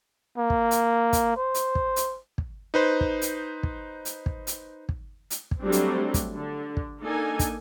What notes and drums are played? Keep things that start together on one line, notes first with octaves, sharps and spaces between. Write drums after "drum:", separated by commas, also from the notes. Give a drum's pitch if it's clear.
A#3
drum: kick
drum: hi-hat
drum: kick, hi-hat
C5
drum: hi-hat
drum: kick
drum: hi-hat
drum: kick
D#4 B4 C5
drum: kick
drum: hi-hat
drum: kick
drum: hi-hat
drum: kick
drum: hi-hat
drum: kick
drum: hi-hat
drum: kick
F#3 G3 A3 C4 D4
drum: hi-hat
drum: kick, hi-hat
D3
drum: kick
A#3 D4 D#4 A4 G#5
drum: kick, hi-hat